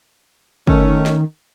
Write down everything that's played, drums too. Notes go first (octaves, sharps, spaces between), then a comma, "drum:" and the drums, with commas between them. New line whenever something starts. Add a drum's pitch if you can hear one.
D#3 A3 C#4, drum: kick
drum: snare